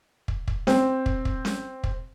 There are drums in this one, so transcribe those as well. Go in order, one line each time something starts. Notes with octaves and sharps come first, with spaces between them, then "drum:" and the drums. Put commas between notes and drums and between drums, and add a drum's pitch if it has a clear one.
drum: kick
drum: kick
C4, drum: snare C#4
drum: kick
drum: kick
drum: snare C#4
drum: kick